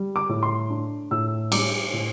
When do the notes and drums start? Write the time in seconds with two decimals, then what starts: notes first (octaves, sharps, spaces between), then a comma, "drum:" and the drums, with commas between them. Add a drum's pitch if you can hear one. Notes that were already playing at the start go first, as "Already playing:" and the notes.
Already playing: G3
0.16 D6
0.29 A2
0.43 C6
0.70 D4
1.11 A2 E6
1.52 G3 D6, drum: cymbal
1.93 A2